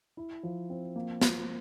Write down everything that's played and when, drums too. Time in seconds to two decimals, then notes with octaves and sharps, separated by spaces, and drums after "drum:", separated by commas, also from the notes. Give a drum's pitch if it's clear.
0.17 E4
0.43 F3
0.70 C4
0.96 A#3
1.21 F3, drum: snare